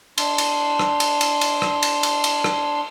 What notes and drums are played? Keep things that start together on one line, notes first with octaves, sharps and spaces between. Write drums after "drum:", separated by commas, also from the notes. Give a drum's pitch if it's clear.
D4 C6, drum: cymbal
drum: cymbal
drum: rim click
drum: cymbal
drum: cymbal
drum: cymbal
drum: rim click
drum: cymbal
drum: cymbal
drum: cymbal
drum: rim click